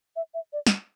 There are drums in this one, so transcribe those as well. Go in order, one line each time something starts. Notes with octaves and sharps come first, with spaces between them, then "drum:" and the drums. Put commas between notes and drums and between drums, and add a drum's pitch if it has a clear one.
E5
E5
D5
drum: snare